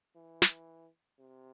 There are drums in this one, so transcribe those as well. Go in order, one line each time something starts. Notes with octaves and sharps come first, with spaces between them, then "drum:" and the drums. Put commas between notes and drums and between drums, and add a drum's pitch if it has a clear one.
E3
drum: snare
C3